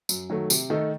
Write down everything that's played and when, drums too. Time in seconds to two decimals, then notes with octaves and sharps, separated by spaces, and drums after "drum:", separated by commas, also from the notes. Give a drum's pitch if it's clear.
0.09 F#2, drum: tambourine
0.30 D#3 F#3 A3
0.50 C3, drum: tambourine
0.70 D#3 A3 D#4 A4